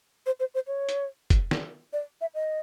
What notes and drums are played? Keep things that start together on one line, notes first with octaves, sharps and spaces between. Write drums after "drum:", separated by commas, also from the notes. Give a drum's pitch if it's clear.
C5
C5
C5
C#5
drum: hi-hat
drum: kick, hi-hat
drum: snare
D5
E5
D#5